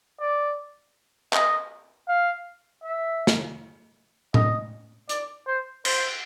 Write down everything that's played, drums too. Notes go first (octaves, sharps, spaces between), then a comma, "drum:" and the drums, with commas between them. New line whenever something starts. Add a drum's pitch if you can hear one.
D5
D#5, drum: clap
F5
E5
drum: snare
D#5, drum: tom A2
D5, drum: hi-hat
C5
C5, drum: cymbal